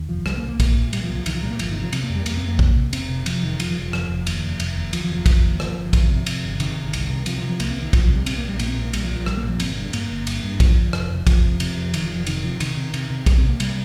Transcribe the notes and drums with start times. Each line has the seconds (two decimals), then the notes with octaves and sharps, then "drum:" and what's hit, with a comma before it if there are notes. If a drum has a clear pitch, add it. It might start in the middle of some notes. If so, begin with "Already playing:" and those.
Already playing: D#2
0.09 F1 F3
0.26 C2 G3, drum: rim click
0.37 A#3
0.43 C2
0.48 A#3
0.60 A#2, drum: kick A#1, cymbal
0.76 A#2
0.93 A#2 G3, drum: cymbal
1.04 F3
1.09 C2
1.15 F3
1.26 C2 D#3, drum: cymbal
1.35 F3
1.42 A#2 G3
1.50 A#3
1.59 G1 F3, drum: cymbal
1.71 D#3
1.76 C3
1.82 F3
1.93 C3 C4, drum: cymbal
2.04 A#3
2.09 F2
2.15 G3
2.26 F2 A#3, drum: cymbal
2.37 C4
2.43 F2
2.48 A#3
2.59 C3, drum: kick A#1
2.76 C3
2.93 F1 C4, drum: cymbal
3.09 C3
3.26 C3 F3, drum: cymbal
3.43 F1 D#3
3.60 F1 F3, drum: cymbal
3.71 F3
3.76 F1
3.82 F3
3.93 F1, drum: rim click
4.09 F1
4.27 D#2, drum: cymbal
4.43 F1
4.60 F1, drum: cymbal
4.77 D#2
4.93 D#2 F3, drum: cymbal
5.04 F3
5.10 F1
5.15 F3
5.26 F1, drum: kick A#1, cymbal
5.43 D#2
5.60 G1 F3, drum: rim click
5.77 G1
5.93 G1, drum: kick A#1, cymbal
6.10 C3
6.26 C3, drum: cymbal
6.43 G1
6.60 C3 D#3, drum: cymbal
6.76 G1
6.93 C2, drum: cymbal
7.09 C3
7.26 C3 F3, drum: cymbal
7.37 F3
7.43 C3
7.49 F3
7.60 C2 A#3, drum: cymbal
7.71 C4
7.77 C2
7.82 D#3
7.93 C2 F3, drum: kick A#1, cymbal
8.04 F3
8.10 C3
8.15 G3
8.26 A#1 C4, drum: cymbal
8.38 A#3
8.43 A#1
8.49 G3
8.59 A#2 A#3, drum: cymbal
8.68 C4
8.77 A#1
8.85 A#3
8.93 A#1 G3, drum: cymbal
9.04 F3
9.10 A#1
9.15 F3
9.26 A#1 G3, drum: rim click
9.37 A#3
9.43 A#2
9.49 F3
9.60 G1 C4, drum: cymbal
9.77 G2
9.93 G2 A#3, drum: cymbal
10.10 G1
10.27 G2, drum: cymbal
10.44 G2
10.60 G1 F3, drum: kick A#1, cymbal
10.76 G1
10.93 F1, drum: rim click
11.10 F1
11.27 F1 F3, drum: kick A#1, cymbal
11.44 C3
11.60 C3, drum: cymbal
11.77 F2
11.94 F1 D#3, drum: cymbal
12.05 F3
12.10 F1
12.16 F3
12.26 C3 D#3, drum: cymbal
12.43 C3 F3
12.60 C3 D#3, drum: cymbal
12.77 C3
12.94 C3, drum: cymbal
13.10 C3
13.26 C2 G3, drum: kick A#1, cymbal
13.38 C4
13.43 C3
13.49 A#3
13.60 C3 G3, drum: cymbal